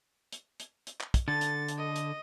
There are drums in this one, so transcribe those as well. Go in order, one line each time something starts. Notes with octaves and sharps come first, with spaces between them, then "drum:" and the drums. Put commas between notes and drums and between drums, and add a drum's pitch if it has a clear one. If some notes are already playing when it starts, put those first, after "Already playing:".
drum: hi-hat
drum: hi-hat
drum: hi-hat
drum: clap
drum: kick, hi-hat
D3 A4 A6
drum: hi-hat
drum: hi-hat
D#5
drum: hi-hat